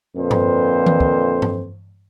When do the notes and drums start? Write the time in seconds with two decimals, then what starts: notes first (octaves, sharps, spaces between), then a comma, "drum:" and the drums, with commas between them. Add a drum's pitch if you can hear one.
0.17 F2 A#2 D3 B4 C5
0.31 drum: tom G2
0.86 drum: tom D#3
1.00 drum: kick
1.42 drum: tom G2